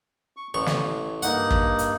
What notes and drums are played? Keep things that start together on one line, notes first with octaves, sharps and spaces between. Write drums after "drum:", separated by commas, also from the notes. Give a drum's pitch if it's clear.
C#6
A1 A2 C#6
drum: snare
G2 A#3 D#4 F#5, drum: hi-hat
drum: kick
drum: hi-hat